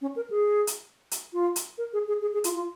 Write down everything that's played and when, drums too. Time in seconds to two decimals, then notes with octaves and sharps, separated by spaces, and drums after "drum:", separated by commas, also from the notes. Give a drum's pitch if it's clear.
0.01 C#4
0.16 A#4
0.30 G#4
0.67 drum: hi-hat
1.11 drum: hi-hat
1.33 F4
1.56 drum: hi-hat
1.78 A#4
1.93 G#4
2.08 G#4
2.22 G#4
2.33 G#4
2.44 F4, drum: hi-hat
2.55 F4